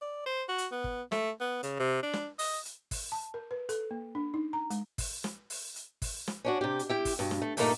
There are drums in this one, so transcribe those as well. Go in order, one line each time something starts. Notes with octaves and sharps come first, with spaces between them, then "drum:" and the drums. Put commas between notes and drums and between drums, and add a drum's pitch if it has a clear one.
D5
C5
F#4
drum: hi-hat
B3
drum: kick
A3, drum: snare
B3
C#3, drum: hi-hat
C3
D4
drum: snare
D#5, drum: open hi-hat
drum: hi-hat
drum: kick, open hi-hat
A5
A#4
B4
A4, drum: hi-hat
A#3
D4
D#4
A#5
G#3, drum: hi-hat
drum: kick, open hi-hat
drum: snare
drum: open hi-hat
drum: hi-hat
drum: kick, open hi-hat
drum: snare
C#4 D4 F#4
C3 G4
drum: hi-hat
E4 G4 G5
drum: kick, open hi-hat
G2 B2
drum: snare
A3
G2 A#2 D#3 A3 A#3 D#4, drum: open hi-hat